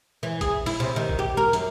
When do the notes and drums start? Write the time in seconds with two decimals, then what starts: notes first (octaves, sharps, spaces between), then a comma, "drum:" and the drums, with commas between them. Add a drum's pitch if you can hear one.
0.23 E3
0.41 G#4, drum: kick, hi-hat
0.66 E4, drum: open hi-hat
0.80 C3
0.96 D#3
1.09 drum: kick
1.19 G4
1.37 A#4
1.53 F#2, drum: hi-hat